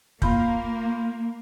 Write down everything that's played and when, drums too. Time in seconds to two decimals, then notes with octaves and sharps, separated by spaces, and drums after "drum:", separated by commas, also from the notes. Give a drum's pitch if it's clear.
0.22 A#3 F4 B5 G6, drum: kick